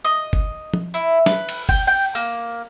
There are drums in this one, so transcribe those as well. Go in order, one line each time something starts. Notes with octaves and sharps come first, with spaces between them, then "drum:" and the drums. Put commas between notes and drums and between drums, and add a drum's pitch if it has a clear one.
D#5
drum: kick
drum: tom
E4
B4, drum: snare
drum: cymbal
G5, drum: kick
G5
A#3